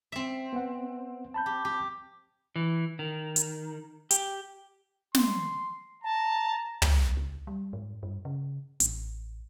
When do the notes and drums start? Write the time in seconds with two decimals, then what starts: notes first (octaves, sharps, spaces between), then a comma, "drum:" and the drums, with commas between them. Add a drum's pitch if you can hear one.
0.12 C4 E5
0.53 B3 F#5
1.34 A5 B5 G6
1.46 G4
1.65 G4
2.56 E3
2.99 D#3
3.36 drum: hi-hat
4.11 G4, drum: hi-hat
5.15 C6, drum: snare
6.04 A5 A#5
6.82 drum: tom
7.17 C#2
7.47 G3
7.73 G#2
8.03 G2
8.25 C#3
8.80 A1, drum: hi-hat